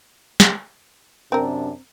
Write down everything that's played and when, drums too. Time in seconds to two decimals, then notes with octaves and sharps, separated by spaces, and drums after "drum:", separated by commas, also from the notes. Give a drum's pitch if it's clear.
0.40 drum: snare
1.32 F#2 C3 C4 D4 A#4